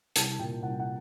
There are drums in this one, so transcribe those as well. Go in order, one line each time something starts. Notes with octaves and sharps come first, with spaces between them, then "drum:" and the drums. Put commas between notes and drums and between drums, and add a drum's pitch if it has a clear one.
C2 A5, drum: hi-hat
A#2 G5
C2 F#5
F#5